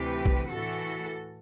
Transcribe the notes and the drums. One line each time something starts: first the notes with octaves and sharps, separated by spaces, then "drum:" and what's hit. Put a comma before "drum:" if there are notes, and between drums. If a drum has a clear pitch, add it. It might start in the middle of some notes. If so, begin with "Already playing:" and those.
Already playing: D2 C3 E3 G4 B4
drum: kick B1
A2 E3 F#4 A4